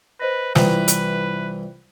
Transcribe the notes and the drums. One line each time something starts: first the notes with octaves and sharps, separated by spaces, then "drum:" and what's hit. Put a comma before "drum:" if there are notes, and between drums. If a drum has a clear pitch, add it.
B4 C5 D#5 A#6
C2 E3 F4 B4 C5 G5 A#5, drum: snare
drum: hi-hat